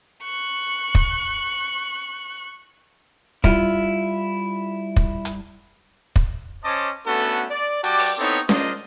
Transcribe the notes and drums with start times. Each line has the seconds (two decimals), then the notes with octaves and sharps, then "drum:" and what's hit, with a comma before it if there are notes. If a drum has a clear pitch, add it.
0.24 C#6 F#6
0.95 drum: kick
3.44 G3 E4 F4, drum: kick
4.96 drum: kick
5.25 drum: hi-hat
6.16 drum: kick
6.65 C#4 C5 C#5 D#5 A5 D6
7.06 A3 B3 C#4 D4 F#4 A4
7.50 D5
7.84 G3 F#4 D5 G5 A5 D6, drum: hi-hat
7.97 drum: open hi-hat
8.19 B3 C4 D#4 E4 A4 C#5
8.49 D4 F4 A#4 C5 D#5, drum: snare C#4